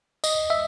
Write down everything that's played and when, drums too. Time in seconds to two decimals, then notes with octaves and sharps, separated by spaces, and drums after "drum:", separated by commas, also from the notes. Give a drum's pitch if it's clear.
0.24 D#5, drum: tambourine
0.50 E5